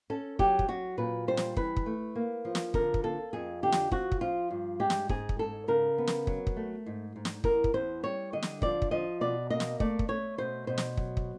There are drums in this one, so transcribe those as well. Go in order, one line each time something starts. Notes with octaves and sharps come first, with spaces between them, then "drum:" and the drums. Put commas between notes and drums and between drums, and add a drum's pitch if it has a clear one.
C#4 A4
F#3 G4, drum: kick
drum: kick
F#3 F#4
A#2 B4
G3 C5
drum: snare
E3 B4, drum: kick
drum: kick
A3
A#3
F3
drum: snare
D3 A#4, drum: kick
drum: kick
A#3 A4
F2 G#4
D3 G4
drum: snare
F3 F#4, drum: kick
drum: kick
F3 F4
G2
G#3 G4
drum: snare
G#2 G#4, drum: kick
drum: kick
G#2 A4
C#3 A#4
B3
drum: snare
F#3, drum: kick
drum: kick
A3
G#2
G#2
drum: snare
E2 A#4, drum: kick
drum: kick
E2 C5
G3 C#5
D3 D#5
drum: snare
F3 D5, drum: kick
drum: kick
F3 D#5
B2 D5
A#3 D#5
drum: snare
A3 D5, drum: kick
drum: kick
A3 C#5
B2 C5
B2 C5
drum: snare
F#3, drum: kick
drum: kick